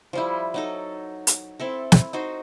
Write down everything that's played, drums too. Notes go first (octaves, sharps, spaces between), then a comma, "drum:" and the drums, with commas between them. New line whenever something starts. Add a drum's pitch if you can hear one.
F3 G3 E4
F#3 D#4 A4
drum: hi-hat
C4 E4 A4
drum: snare
D#4 F#4 C5